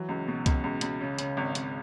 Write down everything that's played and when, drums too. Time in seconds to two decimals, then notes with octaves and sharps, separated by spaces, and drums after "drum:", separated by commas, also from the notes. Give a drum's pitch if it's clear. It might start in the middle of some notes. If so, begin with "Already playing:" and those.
Already playing: E3 F#3
0.09 C#2
0.28 B2
0.46 C#2, drum: kick C2, hi-hat
0.64 C#2
0.81 C#2, drum: hi-hat
1.01 C#3
1.19 C#3, drum: hi-hat
1.37 G#1
1.55 G#1, drum: hi-hat